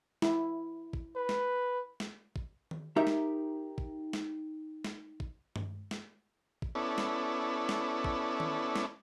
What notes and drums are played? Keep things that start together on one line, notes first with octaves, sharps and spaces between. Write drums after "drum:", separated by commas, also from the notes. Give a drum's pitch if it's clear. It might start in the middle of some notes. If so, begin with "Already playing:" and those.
E4, drum: snare
drum: kick
B4
drum: snare
drum: snare
drum: kick
drum: tom D#3
D#4 G4 A#4 E5
drum: snare
drum: kick
drum: snare
drum: snare
drum: kick
drum: tom G2
drum: snare
drum: kick
B3 C#4 E4 A4 D5
drum: snare
drum: snare
drum: kick
drum: tom D#3
drum: snare